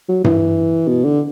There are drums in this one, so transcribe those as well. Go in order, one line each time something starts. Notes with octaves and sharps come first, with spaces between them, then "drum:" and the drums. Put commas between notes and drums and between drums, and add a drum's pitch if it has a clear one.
F#3
E3, drum: tom G2
B2
D3